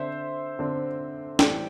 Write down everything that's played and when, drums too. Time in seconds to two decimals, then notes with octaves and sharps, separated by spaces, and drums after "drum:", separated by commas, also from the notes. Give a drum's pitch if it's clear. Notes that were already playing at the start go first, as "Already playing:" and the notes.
Already playing: D3 C4 C5 E5
0.59 D3 C4
1.39 A2 E3 G3 D5 G5, drum: snare